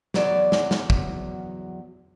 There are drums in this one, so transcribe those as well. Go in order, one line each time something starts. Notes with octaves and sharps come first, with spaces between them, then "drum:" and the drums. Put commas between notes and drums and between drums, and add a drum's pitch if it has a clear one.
E2 F#3 D5, drum: snare
drum: snare
drum: snare
drum: kick